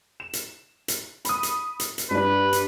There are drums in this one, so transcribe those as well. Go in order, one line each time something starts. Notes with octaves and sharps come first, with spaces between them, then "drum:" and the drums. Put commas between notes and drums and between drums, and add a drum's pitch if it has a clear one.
E7
drum: hi-hat
drum: hi-hat
B5 D#6, drum: hi-hat
drum: hi-hat
drum: hi-hat
drum: hi-hat
G2 D4 B4
drum: hi-hat